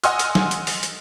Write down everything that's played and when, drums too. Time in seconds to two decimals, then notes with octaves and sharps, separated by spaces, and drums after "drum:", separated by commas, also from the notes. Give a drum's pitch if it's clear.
0.04 D#5 F#5 G#5 C6 E6 F6, drum: hi-hat
0.19 drum: hi-hat
0.35 drum: snare
0.51 drum: hi-hat
0.67 drum: open hi-hat
0.83 drum: hi-hat